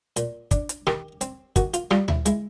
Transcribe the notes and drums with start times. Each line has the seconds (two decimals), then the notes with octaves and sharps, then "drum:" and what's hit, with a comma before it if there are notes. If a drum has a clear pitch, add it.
0.17 A#2, drum: hi-hat
0.51 D4, drum: kick, hi-hat
0.69 drum: hi-hat
0.87 D#3 G4, drum: rim click
1.21 C4, drum: hi-hat
1.56 D#3 F#4, drum: kick, hi-hat
1.74 F4, drum: hi-hat
1.91 G3 F4, drum: rim click
2.08 E4, drum: tom D2
2.26 G#3 E4, drum: hi-hat